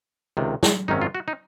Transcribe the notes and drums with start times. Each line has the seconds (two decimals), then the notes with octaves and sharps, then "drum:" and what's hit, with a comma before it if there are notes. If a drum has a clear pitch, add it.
0.37 C#2 C3 D#3
0.63 drum: snare
0.88 G#1 F#2 D#3 F#3 C#4 D#4
1.02 F4
1.15 F#4
1.28 D#4